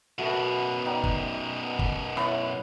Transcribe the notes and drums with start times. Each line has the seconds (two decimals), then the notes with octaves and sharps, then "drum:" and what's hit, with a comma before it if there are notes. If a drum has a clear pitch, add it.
0.18 F#2 B2 A3 B3 F#4
0.86 D#4 D5 G5
1.04 drum: kick
1.60 B3
1.79 drum: kick
2.17 E4 B4 C#5, drum: rim click